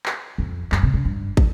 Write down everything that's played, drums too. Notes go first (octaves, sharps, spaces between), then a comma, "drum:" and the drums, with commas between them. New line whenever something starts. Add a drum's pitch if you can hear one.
drum: clap
F2
F#2, drum: clap
C3
C#3
G2
drum: kick